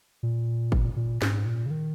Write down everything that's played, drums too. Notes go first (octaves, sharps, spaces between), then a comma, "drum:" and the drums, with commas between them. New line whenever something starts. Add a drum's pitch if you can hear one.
A#2
drum: kick G1
A#2
G#2, drum: snare
A#2
C#3
D#3